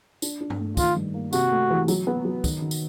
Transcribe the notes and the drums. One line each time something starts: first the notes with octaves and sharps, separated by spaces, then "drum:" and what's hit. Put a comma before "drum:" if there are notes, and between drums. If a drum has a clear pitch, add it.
D4, drum: tambourine
D4
drum: tom
A3
D#3 F4, drum: kick, tambourine
G2
A#3
C3 F#4, drum: tambourine
A3
E3
F#3, drum: tambourine
B3
F#3
D#3, drum: kick, tambourine
D#3
drum: tambourine